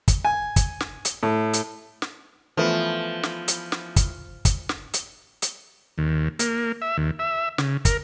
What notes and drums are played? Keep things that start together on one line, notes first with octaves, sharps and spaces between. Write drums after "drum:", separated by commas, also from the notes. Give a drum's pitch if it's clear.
drum: kick, hi-hat
G#5
drum: kick, hi-hat
drum: snare
drum: hi-hat
A2
drum: hi-hat
drum: snare
E3 F3 A3 B3
drum: snare
drum: hi-hat
drum: snare
drum: kick, hi-hat
drum: kick, hi-hat
drum: snare
drum: hi-hat
drum: hi-hat
D#2
A#3, drum: hi-hat
E5
D#2
E5
C#3, drum: snare
A#4, drum: kick, hi-hat